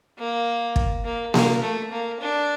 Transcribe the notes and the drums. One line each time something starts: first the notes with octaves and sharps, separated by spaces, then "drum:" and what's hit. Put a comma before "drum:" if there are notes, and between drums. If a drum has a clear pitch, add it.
A#3
drum: kick
A#3
A#3, drum: snare A#3
A3
A#3
D4